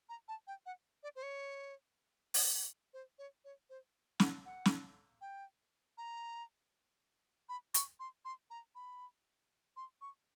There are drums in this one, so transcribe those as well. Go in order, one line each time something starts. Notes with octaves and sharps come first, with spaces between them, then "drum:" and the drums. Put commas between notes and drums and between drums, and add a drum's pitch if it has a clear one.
A#5
A5
G5
F#5
D5
C5
C#5
drum: open hi-hat
C5
C#5
C#5
C5
F#5, drum: snare
F#5
drum: snare
G5
A#5
B5
C#6, drum: hi-hat
C6
C6
A#5
B5
C6
C#6